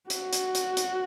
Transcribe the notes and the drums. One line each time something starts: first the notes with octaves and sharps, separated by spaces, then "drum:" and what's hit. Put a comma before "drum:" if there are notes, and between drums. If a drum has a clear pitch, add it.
F#4, drum: hi-hat
drum: hi-hat
drum: hi-hat
drum: hi-hat